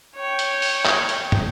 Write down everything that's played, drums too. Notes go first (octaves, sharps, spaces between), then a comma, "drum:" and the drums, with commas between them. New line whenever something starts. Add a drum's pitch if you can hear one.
C#5 G5
drum: hi-hat
drum: open hi-hat
drum: clap
drum: hi-hat
drum: tom